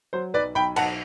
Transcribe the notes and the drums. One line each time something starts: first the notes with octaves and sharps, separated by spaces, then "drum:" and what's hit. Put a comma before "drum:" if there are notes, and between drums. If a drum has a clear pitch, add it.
F#3 C5
B1 B4 D5
B1 G5 B5
B1 F#5 A5, drum: cymbal